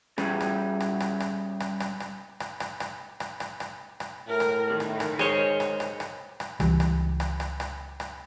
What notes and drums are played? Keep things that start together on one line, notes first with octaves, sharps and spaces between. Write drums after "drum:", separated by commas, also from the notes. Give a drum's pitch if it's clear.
G3 C#4 G#4, drum: rim click
drum: rim click
drum: rim click
drum: rim click
drum: rim click
drum: rim click
drum: rim click
drum: rim click
drum: rim click
drum: rim click
drum: rim click
drum: rim click
drum: rim click
drum: rim click
drum: rim click
A2 A#4
drum: rim click
D#3
drum: rim click
drum: rim click
G#3 G#4 C5 C#5, drum: rim click
drum: rim click
drum: rim click
drum: rim click
drum: rim click
C#2 E3 G3, drum: rim click
drum: rim click
drum: rim click
drum: rim click
drum: rim click
drum: rim click